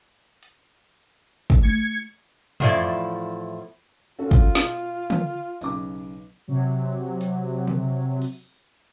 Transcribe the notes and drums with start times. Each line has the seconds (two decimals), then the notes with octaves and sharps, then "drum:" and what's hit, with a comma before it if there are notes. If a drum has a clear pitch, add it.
0.43 drum: hi-hat
1.50 drum: kick
1.62 A3 E4 G#6 C#7
2.60 E2 A2 F3 E4 D5, drum: tom
4.19 C#4 F4 F#4 A4
4.31 drum: kick
4.55 B2, drum: snare
5.10 drum: tom
5.61 B1 C#3 D6, drum: tambourine
6.48 C3 F#3
7.21 drum: hi-hat
7.67 drum: tom
8.22 drum: open hi-hat